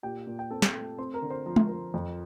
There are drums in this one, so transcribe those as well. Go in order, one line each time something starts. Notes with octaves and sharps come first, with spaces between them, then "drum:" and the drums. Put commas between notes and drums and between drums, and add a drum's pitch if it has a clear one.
A#2 G4 G5
A#2
G5
C4 A4 A5
drum: snare
A3
C4 C5 C6
A#4 A#5
D3
C5 C6
F3 A#5
C6, drum: tom G#3
F3 A#4 A#5
F2